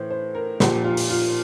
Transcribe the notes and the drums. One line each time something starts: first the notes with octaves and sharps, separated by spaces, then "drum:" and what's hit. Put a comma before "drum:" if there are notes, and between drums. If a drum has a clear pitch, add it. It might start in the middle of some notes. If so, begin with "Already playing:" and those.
Already playing: A2 E3 C5
C5
A#4
A#2 F3 G4, drum: snare
F4
drum: open hi-hat
F4